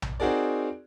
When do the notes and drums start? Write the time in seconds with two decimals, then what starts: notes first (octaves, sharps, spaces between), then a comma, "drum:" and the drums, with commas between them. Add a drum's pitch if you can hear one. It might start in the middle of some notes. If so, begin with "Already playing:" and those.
0.02 drum: tom A#1
0.20 C4 D#4 F#4 G#4 A#4 D5